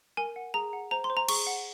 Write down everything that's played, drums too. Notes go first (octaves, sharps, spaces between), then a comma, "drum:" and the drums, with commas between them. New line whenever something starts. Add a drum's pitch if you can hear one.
A#4 G#5
F#5
G#4 A#5
F#5
C5 A#5
C6
C5
A#5
G#4 C#6, drum: cymbal
F#5